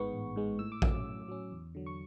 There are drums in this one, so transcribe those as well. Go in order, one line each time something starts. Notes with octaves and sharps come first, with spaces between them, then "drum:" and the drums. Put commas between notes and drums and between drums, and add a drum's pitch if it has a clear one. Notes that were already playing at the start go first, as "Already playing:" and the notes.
Already playing: A1 G#2 G#3 B3 C#6
A1
G#2 G#3 B3
A2 E6
D6
F#3 C#4 E6, drum: kick A1
A2
F#3 C#4
E2
D3 F#3
C#6